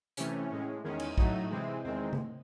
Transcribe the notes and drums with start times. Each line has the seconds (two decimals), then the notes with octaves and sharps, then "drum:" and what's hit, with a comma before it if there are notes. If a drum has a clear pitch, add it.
0.17 C3 E3 A3 C#4, drum: hi-hat
0.51 A2 G#3
0.84 E2 D#3 G#3 C#4
0.99 drum: cymbal
1.18 A2 F#3 A3 D#4, drum: kick
1.51 C3 E3 G#3 C4
1.84 E2 D#3 G#3 C4
2.13 drum: tom C#3